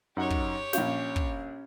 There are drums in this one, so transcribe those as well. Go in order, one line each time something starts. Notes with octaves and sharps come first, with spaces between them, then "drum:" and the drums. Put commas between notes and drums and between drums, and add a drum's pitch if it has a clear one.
F#2 D#4 G4 C#5 F#5
drum: kick
A#1 C#4 F5 G6, drum: snare
drum: kick